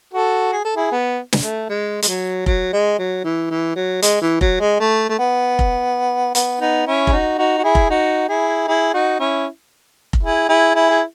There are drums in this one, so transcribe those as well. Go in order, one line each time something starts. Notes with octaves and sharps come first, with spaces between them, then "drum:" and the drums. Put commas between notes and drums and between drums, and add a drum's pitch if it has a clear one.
F#4 A4
G#4
A4
E4 G#4
B3
drum: snare
A3
G#3
G#3, drum: hi-hat
F#3
F#3, drum: kick F1
G#3
F#3
E3
E3
F#3
G#3, drum: hi-hat
E3
F#3, drum: kick F1
G#3
A3
A3
B3
drum: kick F1
B3, drum: hi-hat
B3 D#4
C#4 E4
G#4, drum: kick F1
D#4 F#4
D#4 F#4
F#4
E4 G#4
drum: kick F1
D#4 F#4
E4 G#4
E4 G#4
D#4 F#4
C#4 E4
drum: kick F1
E4 G#4
E4 G#4
E4 G#4
G#4